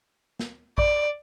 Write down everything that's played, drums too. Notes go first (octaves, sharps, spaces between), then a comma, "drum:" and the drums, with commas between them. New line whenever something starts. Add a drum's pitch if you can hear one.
drum: snare
D5, drum: kick A1